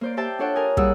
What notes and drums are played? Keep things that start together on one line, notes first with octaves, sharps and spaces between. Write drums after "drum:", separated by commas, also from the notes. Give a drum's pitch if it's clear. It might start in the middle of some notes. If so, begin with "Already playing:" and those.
A#3 C5 D5
G4 C5 E5 G5 A5
D4 F4 A4 C#5 F#5 G5
A#4 G#5 D#6
A#2 G3 E4 G#4 F#5 E6, drum: kick